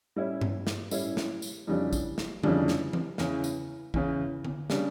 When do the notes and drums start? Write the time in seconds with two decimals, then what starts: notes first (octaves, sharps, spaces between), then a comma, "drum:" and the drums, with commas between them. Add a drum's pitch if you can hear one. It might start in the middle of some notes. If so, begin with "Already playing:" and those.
0.16 A2 G3 C#4 E4
0.41 drum: tom G2
0.67 drum: snare
0.91 A2 G3 C#4 E4, drum: tambourine
1.17 drum: snare
1.42 drum: tambourine
1.67 F2 C#3 E3 G3 D4
1.93 drum: kick, tambourine
2.18 drum: snare
2.43 F2 C#3 E3 G3 D4, drum: tom D3
2.68 drum: snare
2.93 drum: tom E3
3.18 E2 C#3 E3, drum: snare
3.44 drum: tambourine
3.94 E2 C#3 E3, drum: kick
4.45 drum: tom D3
4.70 C#3 G3 D4, drum: snare